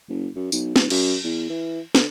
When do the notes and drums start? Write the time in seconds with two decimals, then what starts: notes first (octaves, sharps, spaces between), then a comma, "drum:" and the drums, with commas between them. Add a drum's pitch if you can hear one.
0.09 F#1
0.36 F#2
0.52 B1, drum: tambourine
0.76 D1, drum: snare
0.90 F#2, drum: cymbal
1.24 E2
1.49 E3
1.95 D3, drum: snare